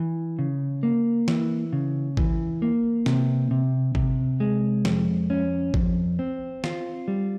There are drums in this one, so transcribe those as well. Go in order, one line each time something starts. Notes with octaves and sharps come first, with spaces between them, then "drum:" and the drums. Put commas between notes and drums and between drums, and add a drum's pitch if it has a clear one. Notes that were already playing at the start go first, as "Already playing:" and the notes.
Already playing: E3
C#3
A#3
E3, drum: snare
C#3
E3, drum: kick G#1
A#3
C3, drum: snare
C3
C3, drum: kick G#1
G#3
F2, drum: snare
C#4
F2, drum: kick G#1
C4
F4, drum: snare
G3